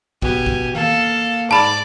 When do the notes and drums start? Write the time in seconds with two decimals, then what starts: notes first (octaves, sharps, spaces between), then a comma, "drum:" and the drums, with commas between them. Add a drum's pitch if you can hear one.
0.22 B2 G4 G#5, drum: kick
0.46 drum: kick
0.75 A#3 A4 F5, drum: tom D#3
1.51 G#2 D5 A5 B5 D6